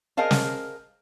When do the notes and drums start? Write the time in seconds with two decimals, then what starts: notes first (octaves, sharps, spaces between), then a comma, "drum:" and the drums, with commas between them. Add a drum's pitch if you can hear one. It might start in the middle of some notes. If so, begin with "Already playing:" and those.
0.17 G#4 A#4 C5 D#5 F5 A5
0.31 drum: snare